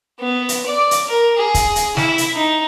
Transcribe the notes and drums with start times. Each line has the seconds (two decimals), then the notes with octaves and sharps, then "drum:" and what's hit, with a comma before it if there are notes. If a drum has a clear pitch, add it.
0.20 B3
0.49 drum: hi-hat
0.66 D5
0.91 drum: hi-hat
1.07 A#4
1.37 G#4
1.54 drum: kick, hi-hat
1.76 drum: hi-hat
1.97 E4, drum: snare
2.18 drum: hi-hat
2.35 D#4